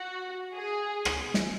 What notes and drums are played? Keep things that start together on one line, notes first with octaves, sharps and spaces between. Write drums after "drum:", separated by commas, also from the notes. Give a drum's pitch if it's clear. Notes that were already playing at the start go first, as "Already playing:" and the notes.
Already playing: F#4
G#4
drum: rim click
drum: snare